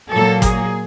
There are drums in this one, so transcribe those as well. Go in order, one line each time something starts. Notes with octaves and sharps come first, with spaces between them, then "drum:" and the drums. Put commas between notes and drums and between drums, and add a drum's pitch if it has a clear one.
A#2 F#3 A#3 A4
G#4, drum: kick, hi-hat